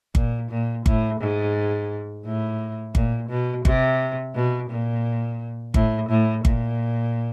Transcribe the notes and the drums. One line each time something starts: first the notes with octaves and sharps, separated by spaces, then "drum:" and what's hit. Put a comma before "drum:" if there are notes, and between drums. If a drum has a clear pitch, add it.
A#2, drum: kick G1
A#2
A2, drum: kick G1
G#2
A2
A#2, drum: kick G1
B2
C3, drum: kick G1
B2
A#2
A2, drum: kick G1
A2
A#2, drum: kick G1